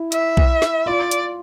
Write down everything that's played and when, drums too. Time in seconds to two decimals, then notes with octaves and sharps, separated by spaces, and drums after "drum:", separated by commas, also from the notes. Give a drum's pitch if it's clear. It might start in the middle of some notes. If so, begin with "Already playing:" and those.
Already playing: E4
0.12 E5, drum: hi-hat
0.37 drum: kick B1
0.62 drum: snare
0.86 F4 D5
1.11 drum: hi-hat